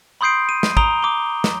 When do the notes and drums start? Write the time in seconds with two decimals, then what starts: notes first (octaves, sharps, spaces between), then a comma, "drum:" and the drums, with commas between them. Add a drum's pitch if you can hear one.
0.21 B5 C6 D#6 G6 C7 D7
0.49 D#7
0.63 drum: snare
0.77 A#5 D#6 D7 F7 G7, drum: kick
1.03 D6 G7
1.44 drum: snare